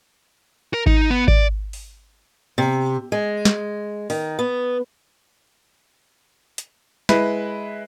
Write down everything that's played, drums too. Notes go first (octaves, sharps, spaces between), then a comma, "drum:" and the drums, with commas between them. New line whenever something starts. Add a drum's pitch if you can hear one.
A#4
D#4, drum: kick G#1
B3
D5, drum: kick G#1
drum: open hi-hat
C3
G#3
drum: snare
D#3, drum: open hi-hat
B3
drum: hi-hat
G#3 E4 B4, drum: snare